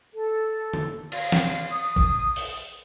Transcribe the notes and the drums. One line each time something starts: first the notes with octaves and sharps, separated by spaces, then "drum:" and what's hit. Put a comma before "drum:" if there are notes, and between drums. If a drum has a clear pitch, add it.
A4
drum: tom D3
F5, drum: cymbal
drum: snare
D#6
drum: kick
drum: open hi-hat